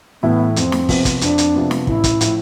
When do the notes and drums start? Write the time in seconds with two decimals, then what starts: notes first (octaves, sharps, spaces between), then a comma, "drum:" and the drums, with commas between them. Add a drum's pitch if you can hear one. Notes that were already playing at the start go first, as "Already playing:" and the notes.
0.22 A2 E3 A3 B3 E4
0.56 F2 C4, drum: hi-hat
0.72 drum: snare
0.89 C3 F3 B3 F4, drum: kick, open hi-hat
1.05 drum: kick, hi-hat
1.21 F2 D4, drum: hi-hat
1.38 drum: hi-hat
1.54 C3 F3 B3 F4
1.71 drum: snare
1.87 A1 E4, drum: kick
2.04 drum: kick, hi-hat
2.21 A2 F3, drum: hi-hat